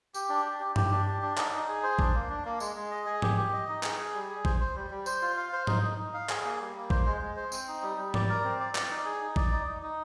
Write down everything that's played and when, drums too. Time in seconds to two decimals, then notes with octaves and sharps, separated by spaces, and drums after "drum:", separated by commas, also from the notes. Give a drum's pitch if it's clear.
0.14 G4, drum: tambourine
0.29 D4
0.46 G4
0.60 G4
0.76 G4, drum: tom G2
0.91 D4
1.07 G4
1.22 D4
1.37 D#4, drum: clap
1.53 D#4
1.69 G#4
1.83 C5
1.99 D4, drum: kick
2.15 A#3
2.29 D4
2.45 A#3
2.60 G#3, drum: tambourine
2.76 G#3
2.91 D#5
3.06 G#4
3.22 G4, drum: tom G#2
3.37 G4
3.53 D#5
3.68 D#4
3.83 G#4, drum: clap
3.98 G#4
4.14 G3
4.30 G#4
4.45 C5, drum: kick
4.60 C5
4.75 G3
4.90 G3
5.06 C5, drum: tambourine
5.22 F4
5.37 F5
5.53 C5
5.67 D#4, drum: tom G#2
5.83 D#4
5.98 D#4
6.14 F5
6.29 G#4, drum: clap
6.44 A#3
6.60 G3
6.76 A#3
6.90 C5, drum: kick
7.06 G#3
7.21 G#3
7.36 C5
7.52 C4, drum: tambourine
7.68 D#4
7.83 G3
7.98 G3
8.14 D5, drum: tom G#2
8.29 A#4
8.44 C4
8.60 D5
8.75 D5, drum: clap
8.90 D#4
9.05 G#4
9.21 D#4
9.36 D5, drum: kick
9.52 D#4
9.67 D#4
9.83 D#4